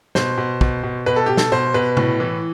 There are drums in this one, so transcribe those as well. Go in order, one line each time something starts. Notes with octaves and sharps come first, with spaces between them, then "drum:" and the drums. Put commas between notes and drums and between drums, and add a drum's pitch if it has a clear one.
B2 C5, drum: snare
B2
B2, drum: kick
B2
B2 B4
A4
B2 G4
A4, drum: snare
B2 C5
B2 B4
A2, drum: tom C3
E3